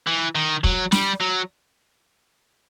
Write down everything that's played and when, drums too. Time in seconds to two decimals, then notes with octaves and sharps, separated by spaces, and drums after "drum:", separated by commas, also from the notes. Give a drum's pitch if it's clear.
0.07 E3
0.35 D#3
0.64 F#3, drum: kick
0.92 G3, drum: snare
1.21 F#3